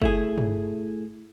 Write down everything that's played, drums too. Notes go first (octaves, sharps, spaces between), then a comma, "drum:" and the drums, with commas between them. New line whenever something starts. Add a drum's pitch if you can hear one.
A3 E4 G#4, drum: kick
drum: tom